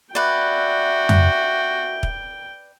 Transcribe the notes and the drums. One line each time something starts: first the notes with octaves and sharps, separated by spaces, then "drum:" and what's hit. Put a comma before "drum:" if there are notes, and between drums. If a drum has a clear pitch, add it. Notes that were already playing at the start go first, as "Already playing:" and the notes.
F#4 B4 D5 E5 G5
drum: tom F2
drum: kick